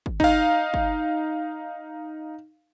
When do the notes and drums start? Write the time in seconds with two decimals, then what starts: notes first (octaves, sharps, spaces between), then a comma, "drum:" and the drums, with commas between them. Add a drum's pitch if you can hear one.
0.06 drum: kick
0.20 D#4 F5, drum: kick
0.74 drum: kick